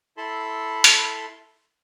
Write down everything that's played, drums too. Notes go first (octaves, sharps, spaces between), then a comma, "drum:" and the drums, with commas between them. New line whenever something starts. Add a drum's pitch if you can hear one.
E4 A4 A5 B5 C6
drum: hi-hat